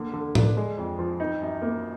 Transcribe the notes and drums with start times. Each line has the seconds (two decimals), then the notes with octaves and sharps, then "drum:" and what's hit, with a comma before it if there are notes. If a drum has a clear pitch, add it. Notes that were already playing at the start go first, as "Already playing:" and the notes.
Already playing: D3 A#3
0.13 D3
0.35 D4, drum: tom A2
0.57 G#3
0.78 F2
0.99 F3
1.20 D#4
1.42 F#2
1.62 A#3